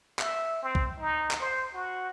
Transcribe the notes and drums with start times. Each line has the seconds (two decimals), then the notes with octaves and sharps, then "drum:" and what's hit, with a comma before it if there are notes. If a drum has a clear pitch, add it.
0.19 E5, drum: clap
0.62 C4
0.75 drum: kick B1
0.99 D#4
1.31 drum: clap
1.40 C5
1.74 F#4